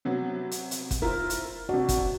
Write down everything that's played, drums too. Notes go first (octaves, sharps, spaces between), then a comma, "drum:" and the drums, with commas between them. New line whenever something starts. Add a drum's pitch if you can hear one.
C3 F#3 B3
drum: hi-hat
drum: hi-hat
drum: kick, hi-hat
E4 F4 A#4 C5
drum: hi-hat
C3 D4 F#4
drum: kick, hi-hat